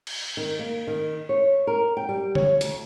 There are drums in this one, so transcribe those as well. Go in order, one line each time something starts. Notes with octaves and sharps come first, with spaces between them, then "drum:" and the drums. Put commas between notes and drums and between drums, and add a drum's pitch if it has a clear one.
drum: cymbal
D#3
A#3
D#3
C#5
A#4
G5
G3
C#5, drum: tom D3
D2, drum: hi-hat